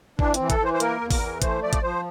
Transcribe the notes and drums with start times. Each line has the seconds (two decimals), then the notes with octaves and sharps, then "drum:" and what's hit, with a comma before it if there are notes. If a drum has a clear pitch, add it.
0.19 E3 D4, drum: kick G#1
0.34 C4, drum: hi-hat
0.40 E3
0.50 A4, drum: kick G#1, hi-hat
0.60 E3 C5
0.74 C5
0.80 A#3 A#4, drum: hi-hat
1.01 E2
1.11 A#4, drum: kick G#1, open hi-hat
1.21 E3
1.42 A3 C5, drum: kick G#1, hi-hat
1.63 F3 D5
1.73 drum: kick G#1, hi-hat
1.83 F3 C5